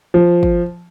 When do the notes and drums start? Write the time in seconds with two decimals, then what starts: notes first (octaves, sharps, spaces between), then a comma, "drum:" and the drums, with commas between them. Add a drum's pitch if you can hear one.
0.14 F3
0.43 drum: kick